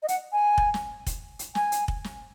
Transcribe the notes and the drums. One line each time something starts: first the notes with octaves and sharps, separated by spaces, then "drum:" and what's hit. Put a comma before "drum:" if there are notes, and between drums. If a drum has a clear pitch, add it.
D#5
F#5, drum: hi-hat
G#5
drum: kick
drum: snare
drum: kick, hi-hat
drum: hi-hat
G#5, drum: snare
drum: hi-hat
drum: kick
drum: snare